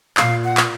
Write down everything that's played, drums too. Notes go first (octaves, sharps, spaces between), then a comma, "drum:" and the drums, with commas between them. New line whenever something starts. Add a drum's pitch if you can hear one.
A#2 F5, drum: clap
F#5
drum: clap